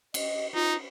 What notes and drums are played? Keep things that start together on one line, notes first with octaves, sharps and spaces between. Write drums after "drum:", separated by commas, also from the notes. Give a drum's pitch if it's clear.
D#5, drum: cymbal
D#4 F4